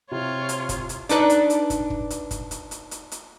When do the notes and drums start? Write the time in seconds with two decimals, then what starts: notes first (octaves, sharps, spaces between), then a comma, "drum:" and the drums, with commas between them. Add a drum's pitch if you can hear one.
0.12 C3 E4 F4 C#5
0.49 drum: hi-hat
0.69 drum: kick, hi-hat
0.89 drum: hi-hat
1.09 D4 D#4 B4 D5, drum: hi-hat
1.30 drum: hi-hat
1.50 drum: hi-hat
1.70 drum: kick, hi-hat
1.90 drum: kick
2.10 drum: hi-hat
2.31 drum: kick, hi-hat
2.51 drum: hi-hat
2.71 drum: hi-hat
2.91 drum: hi-hat
3.12 drum: hi-hat